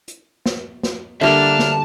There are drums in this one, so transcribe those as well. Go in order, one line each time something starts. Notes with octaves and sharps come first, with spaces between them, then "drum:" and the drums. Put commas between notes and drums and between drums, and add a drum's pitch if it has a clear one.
drum: hi-hat
drum: snare
drum: snare
D3 G3 A#3 D4 E5 A5 F6
drum: snare